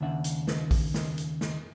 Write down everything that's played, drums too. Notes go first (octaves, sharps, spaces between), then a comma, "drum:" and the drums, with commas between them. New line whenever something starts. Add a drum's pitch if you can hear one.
D#2 C#3 D4 E5 F#5
drum: hi-hat
drum: snare
drum: kick A#1, open hi-hat
drum: snare
drum: hi-hat
drum: snare